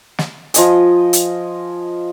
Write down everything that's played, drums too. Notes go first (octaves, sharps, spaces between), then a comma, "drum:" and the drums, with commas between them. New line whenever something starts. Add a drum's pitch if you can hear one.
drum: snare
F3 D#5 G#5, drum: hi-hat
drum: hi-hat